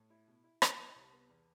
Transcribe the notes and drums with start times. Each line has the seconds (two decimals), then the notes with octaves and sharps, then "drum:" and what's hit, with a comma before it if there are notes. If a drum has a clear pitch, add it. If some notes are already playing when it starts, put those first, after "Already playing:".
Already playing: A2
0.10 E4
0.28 B2
0.44 E4
0.62 B2, drum: rim click
0.79 E4
0.95 C2 A5
1.12 B3
1.29 E2